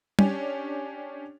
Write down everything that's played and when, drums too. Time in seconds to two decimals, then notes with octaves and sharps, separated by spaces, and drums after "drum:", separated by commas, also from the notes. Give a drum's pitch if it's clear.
0.19 C#4 D4 G4 C#5, drum: tom